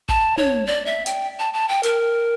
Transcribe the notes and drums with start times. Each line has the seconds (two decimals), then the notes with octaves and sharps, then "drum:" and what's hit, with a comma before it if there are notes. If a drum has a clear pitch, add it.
0.09 A5, drum: kick
0.37 C#5, drum: tom
0.67 D5
0.86 E5
1.06 G5, drum: hi-hat
1.39 A5
1.54 A5
1.69 G5
1.83 A#4, drum: hi-hat